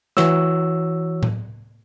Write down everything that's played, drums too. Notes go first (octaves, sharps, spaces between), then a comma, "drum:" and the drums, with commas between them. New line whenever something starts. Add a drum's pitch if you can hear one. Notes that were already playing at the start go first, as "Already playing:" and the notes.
E3 F#4 C#5 E6, drum: snare
drum: tom A2